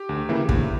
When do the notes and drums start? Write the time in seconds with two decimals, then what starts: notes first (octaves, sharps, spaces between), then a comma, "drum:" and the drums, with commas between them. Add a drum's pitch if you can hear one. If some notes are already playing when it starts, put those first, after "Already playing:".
Already playing: G4
0.09 D2
0.29 C#3 E3 A#3 E4
0.49 D2, drum: kick